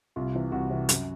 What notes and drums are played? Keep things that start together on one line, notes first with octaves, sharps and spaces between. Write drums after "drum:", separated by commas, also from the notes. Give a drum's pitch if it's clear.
C2 F4
C3 E3
C2 F#4
C3 E3
F#2, drum: hi-hat